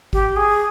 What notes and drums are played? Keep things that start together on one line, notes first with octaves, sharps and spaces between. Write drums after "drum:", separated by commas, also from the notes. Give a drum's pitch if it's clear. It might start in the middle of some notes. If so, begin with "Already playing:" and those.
G4, drum: kick
G#4